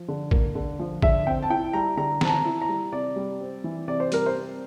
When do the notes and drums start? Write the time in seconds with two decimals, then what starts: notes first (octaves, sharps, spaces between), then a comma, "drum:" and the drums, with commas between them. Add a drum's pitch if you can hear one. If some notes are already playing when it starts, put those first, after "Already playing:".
Already playing: F3
0.08 D3
0.31 A#3, drum: kick A1
0.55 D3
0.79 F3
1.02 D3 E5, drum: kick A1
1.27 C4 G5
1.43 A5
1.50 E4 G5
1.73 G3 A#5
1.97 D3 A#5
2.21 C4 A5, drum: snare
2.30 A#5
2.45 E4
2.62 A#5
2.69 G3
2.92 C3 D5
3.16 G3
3.40 C4
3.64 E3
3.88 C3 D5
4.00 C5
4.12 G3 A#4, drum: hi-hat
4.26 C5
4.35 C4